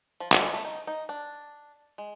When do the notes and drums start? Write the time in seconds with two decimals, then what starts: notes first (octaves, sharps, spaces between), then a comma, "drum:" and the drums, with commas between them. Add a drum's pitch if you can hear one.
0.20 F3
0.32 G3, drum: clap
0.42 G#3
0.54 A3
0.65 D#4
0.87 D#4
1.09 D4
1.98 G#3